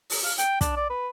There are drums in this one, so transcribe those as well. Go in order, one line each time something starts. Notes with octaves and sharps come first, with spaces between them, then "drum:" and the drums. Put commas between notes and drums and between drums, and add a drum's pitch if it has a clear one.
drum: open hi-hat
F5
G5, drum: hi-hat
D4, drum: kick, hi-hat
D5
B4